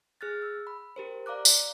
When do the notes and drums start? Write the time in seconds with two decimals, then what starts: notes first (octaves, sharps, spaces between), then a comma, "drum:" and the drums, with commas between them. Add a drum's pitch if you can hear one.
0.21 G#4 F6 F#6 A6
0.42 E6
0.67 B5
0.96 G4 A#4 C5
1.26 D5 F5 A#5 D6 F#6
1.45 drum: tambourine